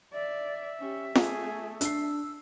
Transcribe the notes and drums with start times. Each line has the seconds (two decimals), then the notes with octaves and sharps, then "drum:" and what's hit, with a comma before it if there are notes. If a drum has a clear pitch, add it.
0.13 D5 E5
0.79 C#4 G4
1.15 A3 G#4, drum: snare F4
1.81 D4 E6 C7, drum: hi-hat